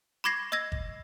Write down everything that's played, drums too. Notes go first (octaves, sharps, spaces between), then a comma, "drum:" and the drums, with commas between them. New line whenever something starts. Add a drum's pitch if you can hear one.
B5 C#6 D6 G#6 A#6 C7
D#5 E6 G#6 A#6
drum: kick